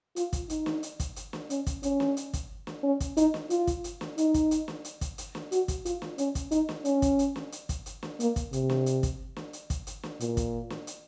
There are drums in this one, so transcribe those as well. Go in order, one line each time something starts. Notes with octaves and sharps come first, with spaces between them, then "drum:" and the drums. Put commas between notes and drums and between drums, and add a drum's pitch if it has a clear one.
F4, drum: hi-hat
drum: kick, hi-hat
D#4, drum: hi-hat
drum: snare
drum: hi-hat
drum: kick, hi-hat
drum: hi-hat
drum: snare
C#4, drum: hi-hat
drum: kick, hi-hat
C#4, drum: hi-hat
drum: snare
drum: hi-hat
drum: kick, hi-hat
drum: snare
C#4
drum: kick, hi-hat
D#4, drum: hi-hat
drum: snare
F4, drum: hi-hat
drum: kick, hi-hat
drum: hi-hat
drum: snare
D#4, drum: hi-hat
drum: kick, hi-hat
drum: hi-hat
drum: snare
drum: hi-hat
drum: kick, hi-hat
drum: hi-hat
drum: snare
F#4, drum: hi-hat
drum: kick, hi-hat
F4, drum: hi-hat
drum: snare
C#4, drum: hi-hat
drum: kick, hi-hat
D#4, drum: hi-hat
drum: snare
C#4, drum: hi-hat
drum: kick, hi-hat
drum: hi-hat
drum: snare
drum: hi-hat
drum: kick, hi-hat
drum: hi-hat
drum: snare
A#3, drum: hi-hat
drum: kick, hi-hat
C3, drum: hi-hat
drum: snare
drum: hi-hat
drum: kick, hi-hat
drum: snare
drum: hi-hat
drum: kick, hi-hat
drum: hi-hat
drum: snare
A#2, drum: hi-hat
drum: kick, hi-hat
drum: snare
drum: hi-hat